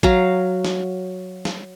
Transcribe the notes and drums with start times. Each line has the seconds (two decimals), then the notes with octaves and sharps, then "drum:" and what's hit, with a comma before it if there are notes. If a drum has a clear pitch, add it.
0.03 F#3 F5 A#5, drum: kick A1
0.65 drum: snare
1.45 drum: snare